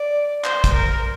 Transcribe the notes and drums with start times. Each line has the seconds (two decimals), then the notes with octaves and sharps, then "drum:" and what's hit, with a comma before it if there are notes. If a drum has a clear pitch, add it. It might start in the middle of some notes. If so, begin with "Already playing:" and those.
Already playing: D5
0.44 C5, drum: clap
0.64 drum: kick, hi-hat
0.74 A#4